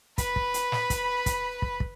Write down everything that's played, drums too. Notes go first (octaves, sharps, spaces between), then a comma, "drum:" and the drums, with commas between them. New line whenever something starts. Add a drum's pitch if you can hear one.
B4 B5, drum: kick, hi-hat
drum: kick
drum: hi-hat
drum: snare
drum: kick, hi-hat
drum: kick, hi-hat
drum: kick
drum: kick